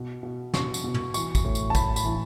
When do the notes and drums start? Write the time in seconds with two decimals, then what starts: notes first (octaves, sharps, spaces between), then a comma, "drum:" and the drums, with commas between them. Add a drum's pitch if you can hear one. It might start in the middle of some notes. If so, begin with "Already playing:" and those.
Already playing: B2
0.23 B2
0.54 B2 C#6, drum: snare
0.74 drum: tambourine
0.84 B2
0.94 drum: tom
1.14 E3 C#6, drum: tambourine
1.35 drum: kick, tambourine
1.45 A2
1.55 drum: tambourine
1.70 A5
1.75 A2 B5, drum: kick, tambourine
1.96 B5, drum: tambourine
2.05 E3